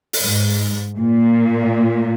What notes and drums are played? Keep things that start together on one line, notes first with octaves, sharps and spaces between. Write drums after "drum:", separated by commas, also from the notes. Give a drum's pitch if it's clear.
drum: open hi-hat
G#2
A#2